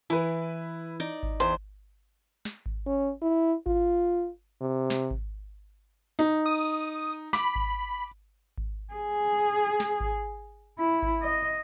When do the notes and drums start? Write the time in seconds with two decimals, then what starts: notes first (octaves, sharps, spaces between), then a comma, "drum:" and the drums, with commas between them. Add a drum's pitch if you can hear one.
0.10 E3 E4 B4
1.00 D#4 D5
1.23 drum: kick G#1
1.40 E2 C5
2.45 drum: snare
2.66 drum: kick G#1
2.86 C#4
3.22 E4
3.66 F4, drum: kick G#1
4.61 C3
4.90 drum: snare
5.11 drum: kick G#1
6.19 D#4
6.46 D#6
7.33 B5 D6, drum: snare
7.56 drum: kick G#1
8.58 drum: kick G#1
8.94 G#4
9.80 drum: snare
10.00 drum: kick G#1
10.79 E4
11.02 drum: kick G#1
11.22 D#5